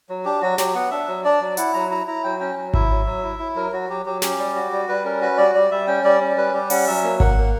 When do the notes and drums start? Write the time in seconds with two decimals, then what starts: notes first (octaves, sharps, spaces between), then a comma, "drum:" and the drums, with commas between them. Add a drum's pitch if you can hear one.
0.09 F#3
0.25 D4 G4
0.41 F#3 F#4
0.58 F#3 G4, drum: snare
0.75 B3 F#5
0.91 D4 E5
1.08 F#3
1.24 D4 D5
1.41 F#3
1.57 E4 F#5, drum: hi-hat
1.74 F#3 A#5
1.90 E4 A#5
2.07 E4 A#5
2.24 F#3 G5
2.40 C#4 G5
2.57 F#3
2.74 E4 E5, drum: kick G#1
2.90 F#3
3.06 F#3
3.24 E4
3.39 E4
3.56 F#3 A#4
3.72 F#3 F#4
3.89 F#3 G4
4.06 F#3 G4
4.22 C#4 G4, drum: snare
4.38 G3
4.56 F#4
4.72 G3
4.89 G3 B4
5.04 C#4 A#4
5.21 F#4 B4
5.38 G3 D5
5.55 G3 D5
5.71 G3 E5
5.87 C#4 G5
6.04 G3 D5
6.21 C#4
6.37 G3 B4
6.54 G3 G4
6.70 C#4 F#5, drum: open hi-hat
6.87 F#3 E5
7.03 A#3
7.20 A#3 F#5, drum: kick G#1
7.37 A#3